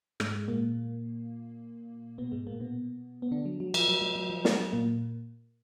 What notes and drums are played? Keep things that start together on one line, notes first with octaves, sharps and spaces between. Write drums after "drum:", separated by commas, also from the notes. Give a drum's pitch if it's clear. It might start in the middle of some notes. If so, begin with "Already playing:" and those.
G#2 G#3, drum: rim click
A#2 A#3
B2 B3
G#2 G#3
A#2 A#3
B2 B3
B3
D3 D4
F#3
F#3
F3, drum: cymbal
F#3
F#3
F#3
F3
F#3, drum: snare
A#2 A#3